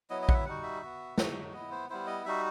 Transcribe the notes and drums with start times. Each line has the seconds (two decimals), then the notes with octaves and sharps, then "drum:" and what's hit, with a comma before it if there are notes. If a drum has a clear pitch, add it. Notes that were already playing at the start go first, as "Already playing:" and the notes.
0.10 F#3 B3 E4 D#5
0.22 D#5
0.29 F#5, drum: kick A#1
0.34 E5
0.46 G3 D#4 F#4 F#5
0.63 E5
0.82 B3 F#4
1.18 F#3 A3 D#4 F#4, drum: snare
1.53 B3 E4 D#5
1.71 C5
1.89 G3 B3 E4 C5
2.07 D#5
2.25 G3 D#4 F#4 E5